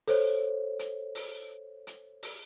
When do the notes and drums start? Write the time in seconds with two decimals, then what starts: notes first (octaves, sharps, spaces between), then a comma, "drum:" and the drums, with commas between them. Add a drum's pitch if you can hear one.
0.08 A4 C5 C#5, drum: open hi-hat
0.79 drum: hi-hat
1.15 drum: open hi-hat
1.87 drum: hi-hat
2.23 drum: open hi-hat